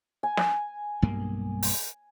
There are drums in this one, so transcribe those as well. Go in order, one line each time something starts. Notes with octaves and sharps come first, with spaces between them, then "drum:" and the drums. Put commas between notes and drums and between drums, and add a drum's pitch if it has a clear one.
G#5
drum: snare
B1 G2 A#3
drum: open hi-hat